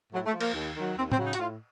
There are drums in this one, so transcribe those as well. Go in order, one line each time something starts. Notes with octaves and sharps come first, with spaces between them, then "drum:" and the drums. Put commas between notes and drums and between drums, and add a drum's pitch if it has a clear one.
A2 F#3
A3
F3
A#3, drum: cymbal
D#2
D#3 F#3
D#2 C4
C4, drum: tom A2
C#3 F#3
D#4
F#4, drum: hi-hat
A2 F4